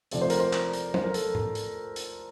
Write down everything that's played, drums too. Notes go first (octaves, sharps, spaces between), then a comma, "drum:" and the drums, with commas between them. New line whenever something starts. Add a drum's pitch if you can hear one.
C3 F3 A3 C4 D5, drum: hi-hat
C5
A#4, drum: hi-hat
C5
drum: clap
drum: hi-hat
C5, drum: tom
A#4
A4, drum: hi-hat
drum: tom G#2
drum: hi-hat
drum: hi-hat